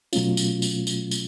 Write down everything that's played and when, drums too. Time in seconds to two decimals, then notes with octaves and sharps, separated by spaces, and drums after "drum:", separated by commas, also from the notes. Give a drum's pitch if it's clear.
0.13 B2 F#3 A3 C#4 F4, drum: tambourine
0.37 drum: tambourine
0.62 drum: tambourine
0.87 drum: tambourine
1.11 drum: tambourine